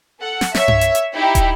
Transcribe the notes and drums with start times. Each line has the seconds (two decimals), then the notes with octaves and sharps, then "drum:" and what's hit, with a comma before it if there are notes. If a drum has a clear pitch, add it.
0.21 A4 F#5
0.41 drum: snare
0.55 C#5 E5, drum: snare
0.68 drum: tom G2
0.81 drum: hi-hat
0.95 drum: hi-hat
1.14 D#4 E4 G4 G5
1.35 drum: kick, hi-hat